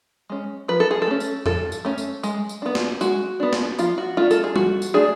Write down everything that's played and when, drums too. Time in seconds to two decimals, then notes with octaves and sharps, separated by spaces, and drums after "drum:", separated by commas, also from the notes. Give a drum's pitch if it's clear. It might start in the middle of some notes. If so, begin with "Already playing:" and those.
0.30 G#3 C#4
0.68 F3 B4
0.80 A4
0.91 G#4
1.02 A4
1.07 A3 C#4
1.20 drum: tambourine
1.46 F3 A4, drum: tom F2
1.72 drum: tambourine
1.85 A3 C#4
1.98 drum: tambourine
2.23 G#3, drum: tambourine
2.49 drum: tambourine
2.62 B3 D4
2.75 drum: snare
3.01 G#3 F#4, drum: tambourine
3.40 B3 D4
3.53 drum: snare
3.79 F3 F4, drum: tambourine
3.98 F#4
4.17 A3 D4 F4
4.31 A4, drum: tambourine
4.44 G#4
4.56 F3 F#4, drum: tom G3
4.82 drum: tambourine
4.94 A3 D4 G#4